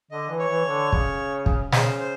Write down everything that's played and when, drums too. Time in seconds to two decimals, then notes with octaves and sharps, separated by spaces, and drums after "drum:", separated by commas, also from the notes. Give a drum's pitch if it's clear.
0.11 D3 D#5
0.30 E3
0.39 C#5
0.48 E3
0.65 D3
0.92 C#3, drum: kick
1.46 drum: kick
1.72 C#3 C5, drum: snare
1.99 C5